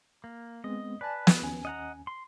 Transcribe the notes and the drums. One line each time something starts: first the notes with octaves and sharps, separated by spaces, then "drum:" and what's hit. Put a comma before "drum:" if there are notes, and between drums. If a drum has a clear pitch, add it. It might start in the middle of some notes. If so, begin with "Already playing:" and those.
A#3
G#3 B3 C4 D#5
B4 D5 G#5 A5
drum: snare
D#2 C#4 G#5
D#5 F#5 A#5
C6